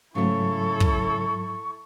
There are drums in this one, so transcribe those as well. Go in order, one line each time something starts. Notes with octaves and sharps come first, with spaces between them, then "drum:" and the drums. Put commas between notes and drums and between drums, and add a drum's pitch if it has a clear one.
G#2 C#3 F#3 A3 E4 A4 C#6
drum: kick